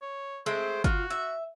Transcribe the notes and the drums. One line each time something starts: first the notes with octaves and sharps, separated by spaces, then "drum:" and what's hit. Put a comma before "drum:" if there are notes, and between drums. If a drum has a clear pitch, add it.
C#5
G#3 A3 C4 C5
F4 F#4, drum: kick G1
E5